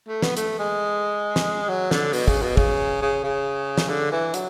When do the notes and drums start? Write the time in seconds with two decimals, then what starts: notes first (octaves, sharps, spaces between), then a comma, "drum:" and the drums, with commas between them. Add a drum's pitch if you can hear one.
0.08 A3
0.22 B3, drum: snare
0.37 A3, drum: hi-hat
0.59 G#3
1.36 drum: snare
1.69 F#3
1.91 D3, drum: snare
2.13 B2, drum: open hi-hat
2.28 C#3, drum: kick
2.43 B2
2.57 C#3, drum: kick
3.02 C#3
3.24 C#3
3.78 drum: snare
3.89 D3
4.12 E3
4.34 F#3, drum: hi-hat